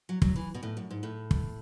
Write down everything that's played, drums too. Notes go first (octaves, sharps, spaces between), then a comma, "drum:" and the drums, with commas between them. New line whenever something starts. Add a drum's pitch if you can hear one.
F#3
F#3, drum: kick
E3
B2
A2
F#2
G#2
A2
drum: kick